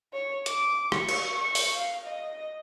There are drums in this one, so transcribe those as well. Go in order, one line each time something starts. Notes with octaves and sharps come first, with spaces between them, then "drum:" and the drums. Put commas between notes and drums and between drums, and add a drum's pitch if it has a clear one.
C#5
D6, drum: hi-hat
C#6, drum: rim click
drum: cymbal
C#6
drum: open hi-hat
F5
D#5